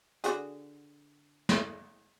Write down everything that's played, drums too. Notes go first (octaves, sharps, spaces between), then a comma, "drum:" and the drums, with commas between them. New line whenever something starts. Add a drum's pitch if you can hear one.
D3 F#4 G#4, drum: hi-hat
drum: snare